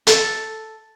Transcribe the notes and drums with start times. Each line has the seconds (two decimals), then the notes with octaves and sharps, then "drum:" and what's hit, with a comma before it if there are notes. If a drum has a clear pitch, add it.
0.07 A4, drum: hi-hat